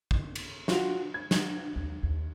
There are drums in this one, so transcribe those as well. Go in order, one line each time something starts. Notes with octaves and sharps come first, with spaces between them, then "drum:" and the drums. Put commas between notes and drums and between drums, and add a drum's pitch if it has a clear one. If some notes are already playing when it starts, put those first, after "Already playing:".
drum: kick
drum: cymbal
F4 F#4 F7, drum: snare
G#6
drum: snare
D#2
D#2